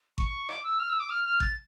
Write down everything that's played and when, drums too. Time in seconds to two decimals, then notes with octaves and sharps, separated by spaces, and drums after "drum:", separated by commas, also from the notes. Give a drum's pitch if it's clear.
0.18 C#6, drum: kick G#1
0.49 D6, drum: rim click
0.64 E6
0.79 F6
0.89 E6
1.00 D6
1.10 F6
1.25 F6
1.40 A6, drum: kick G#1